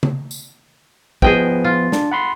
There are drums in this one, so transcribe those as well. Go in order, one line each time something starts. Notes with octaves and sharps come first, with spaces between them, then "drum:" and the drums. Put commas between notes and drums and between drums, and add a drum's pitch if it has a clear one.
drum: tom C#3
drum: tambourine
F3 B3 G#4 D#5 G5, drum: kick
F4
D4, drum: snare
F#5 B5 C6